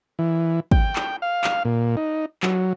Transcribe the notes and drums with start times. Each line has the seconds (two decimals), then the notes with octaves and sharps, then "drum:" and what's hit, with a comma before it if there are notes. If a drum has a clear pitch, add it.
0.19 E3
0.71 G5, drum: kick
0.96 drum: clap
1.22 F5
1.44 drum: clap
1.65 A#2
1.97 D#4
2.43 F#3, drum: clap